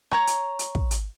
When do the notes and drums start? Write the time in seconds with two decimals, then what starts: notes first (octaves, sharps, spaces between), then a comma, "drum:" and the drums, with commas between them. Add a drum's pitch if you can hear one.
0.11 C#5 A#5 C#6, drum: rim click
0.27 drum: hi-hat
0.59 drum: hi-hat
0.75 drum: kick
0.91 drum: hi-hat